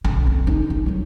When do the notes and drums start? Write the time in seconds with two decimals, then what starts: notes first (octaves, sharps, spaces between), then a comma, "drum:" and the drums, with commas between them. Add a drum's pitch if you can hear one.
0.04 D3, drum: tom B1
0.27 F2
0.47 D#4
0.70 D#4
0.86 F#3 E4